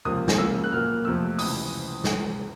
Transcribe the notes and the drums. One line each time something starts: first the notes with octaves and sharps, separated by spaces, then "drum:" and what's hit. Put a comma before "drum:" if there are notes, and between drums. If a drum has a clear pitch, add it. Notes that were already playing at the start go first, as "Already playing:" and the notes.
C#2 C3 F3 A#3 D#6
drum: snare
C#3 F3 A#3 E6
F#6
A#2 F#3 A#3 F6
F2 C3 F3 A3 E6
C#2 C3 E3 D#6, drum: open hi-hat
drum: snare